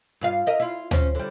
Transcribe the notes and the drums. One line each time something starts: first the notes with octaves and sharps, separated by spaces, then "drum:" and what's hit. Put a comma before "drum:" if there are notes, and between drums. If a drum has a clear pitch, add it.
G2 F4 F5
A#4 D#5 E5
E4 F4
C4 C#4, drum: tom
D3 G3